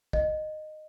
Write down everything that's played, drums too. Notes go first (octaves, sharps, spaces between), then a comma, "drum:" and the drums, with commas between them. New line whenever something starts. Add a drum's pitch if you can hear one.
D#5, drum: kick